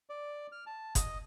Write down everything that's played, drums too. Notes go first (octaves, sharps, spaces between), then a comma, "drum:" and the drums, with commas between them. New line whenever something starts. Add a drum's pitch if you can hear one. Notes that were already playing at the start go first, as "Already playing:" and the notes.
D5
F6
A5
D#5, drum: kick F#1, hi-hat